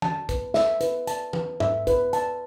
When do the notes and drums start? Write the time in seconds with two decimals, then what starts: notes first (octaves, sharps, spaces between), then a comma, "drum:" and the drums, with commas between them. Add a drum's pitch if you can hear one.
0.02 A5, drum: tom E3
0.29 B4, drum: kick, hi-hat
0.54 E5, drum: snare
0.81 B4, drum: hi-hat
1.07 A5, drum: hi-hat
1.33 B4, drum: tom E3
1.60 E5, drum: tom G#2
1.87 B4, drum: kick, hi-hat
2.13 A5, drum: hi-hat